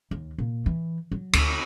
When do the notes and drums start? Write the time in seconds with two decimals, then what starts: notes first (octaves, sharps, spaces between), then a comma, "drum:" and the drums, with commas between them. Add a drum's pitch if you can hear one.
0.11 D#2
0.38 A#2
0.66 E3
1.12 F#3
1.33 D2, drum: cymbal